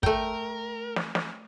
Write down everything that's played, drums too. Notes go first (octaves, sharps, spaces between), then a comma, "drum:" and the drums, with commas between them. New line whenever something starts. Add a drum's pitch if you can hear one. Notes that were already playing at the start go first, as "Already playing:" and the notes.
A3 A#4 G5, drum: kick
drum: snare
drum: snare